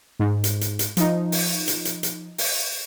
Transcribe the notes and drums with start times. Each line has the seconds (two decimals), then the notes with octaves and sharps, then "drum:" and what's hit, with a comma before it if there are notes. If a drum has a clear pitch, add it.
0.19 G#2
0.44 drum: hi-hat
0.61 drum: hi-hat
0.79 drum: hi-hat
0.97 F3 D#4, drum: hi-hat
1.32 drum: open hi-hat
1.68 drum: hi-hat
1.85 drum: hi-hat
2.03 drum: hi-hat
2.38 drum: open hi-hat